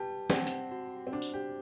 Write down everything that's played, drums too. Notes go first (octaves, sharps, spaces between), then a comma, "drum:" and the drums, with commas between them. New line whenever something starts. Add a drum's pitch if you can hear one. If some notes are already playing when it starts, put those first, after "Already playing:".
Already playing: G4 B4 A5
C4 F#5, drum: snare
drum: hi-hat
F#4
C4
D4 C5
drum: tambourine
G4